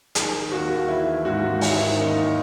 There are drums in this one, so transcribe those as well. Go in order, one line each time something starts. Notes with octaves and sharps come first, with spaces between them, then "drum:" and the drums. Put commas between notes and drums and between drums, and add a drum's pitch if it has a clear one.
D#3 G#4, drum: hi-hat
D#3
D#2 F#4
D#2
E3 E4
E3
G#2 F#4
G#2
D#3 E4, drum: open hi-hat
D#3
D#2 D#4
D#2